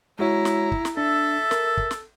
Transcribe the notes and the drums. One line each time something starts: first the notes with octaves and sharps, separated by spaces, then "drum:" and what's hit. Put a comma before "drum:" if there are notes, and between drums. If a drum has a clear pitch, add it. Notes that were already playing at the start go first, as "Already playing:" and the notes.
G#3 E4 F#4 C#5 A#5
drum: snare
drum: kick
drum: snare
D4 A4 E5
A#4, drum: snare
drum: kick
drum: snare